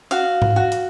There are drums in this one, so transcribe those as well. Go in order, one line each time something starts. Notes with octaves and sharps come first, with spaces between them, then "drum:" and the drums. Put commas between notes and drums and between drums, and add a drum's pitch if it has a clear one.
F#4 F5, drum: hi-hat
drum: tom G#2
F#4
drum: hi-hat